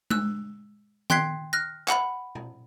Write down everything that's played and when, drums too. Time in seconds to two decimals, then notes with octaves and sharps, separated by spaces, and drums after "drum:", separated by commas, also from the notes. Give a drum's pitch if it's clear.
0.10 E6 F#6, drum: tom G#3
1.10 G5 C6 F#6 G#6 B6 C7, drum: tom D#3
1.53 F6 F#6 A#6
1.88 F#5 B5, drum: clap
2.35 drum: tom